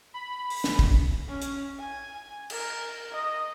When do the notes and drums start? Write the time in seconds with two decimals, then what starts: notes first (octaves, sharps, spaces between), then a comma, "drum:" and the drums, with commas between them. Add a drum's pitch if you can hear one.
0.14 B5
0.50 drum: open hi-hat
0.64 drum: snare
0.79 drum: kick
1.27 C#4
1.41 drum: hi-hat
1.79 G#5
2.50 A#4, drum: cymbal
3.12 D#5